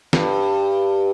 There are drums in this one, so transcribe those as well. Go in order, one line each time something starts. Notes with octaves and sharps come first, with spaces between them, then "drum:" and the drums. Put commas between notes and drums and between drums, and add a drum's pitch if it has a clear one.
G2, drum: snare